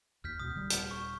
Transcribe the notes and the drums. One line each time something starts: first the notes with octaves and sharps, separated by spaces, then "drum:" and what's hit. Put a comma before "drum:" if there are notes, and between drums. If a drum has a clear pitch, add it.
D#2 F6 G6 B6
C#2 B2 D#6
D#1 D3 G3
drum: hi-hat
C#6